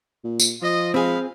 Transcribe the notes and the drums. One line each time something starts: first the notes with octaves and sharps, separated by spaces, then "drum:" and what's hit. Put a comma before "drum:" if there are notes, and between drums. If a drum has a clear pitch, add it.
A#2
drum: tambourine
F3 F4 D#5
G#3 C4 G#4 F5 B5